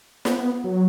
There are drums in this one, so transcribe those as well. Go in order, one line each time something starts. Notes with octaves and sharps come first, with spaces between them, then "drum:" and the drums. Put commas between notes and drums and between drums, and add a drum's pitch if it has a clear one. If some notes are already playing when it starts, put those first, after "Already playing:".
B3, drum: snare
B3
F#3